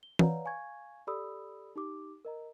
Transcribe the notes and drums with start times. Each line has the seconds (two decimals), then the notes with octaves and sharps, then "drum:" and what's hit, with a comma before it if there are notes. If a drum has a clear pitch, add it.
0.03 G7
0.19 B4 C#5 D5 F5 F#5 A#5, drum: tom E3
0.45 F5 G#5 C#6 G#6
1.07 G4 A4 D5 B5 D#6 E6
1.76 D#4 G4 D6
2.25 A#4 D#5 A#5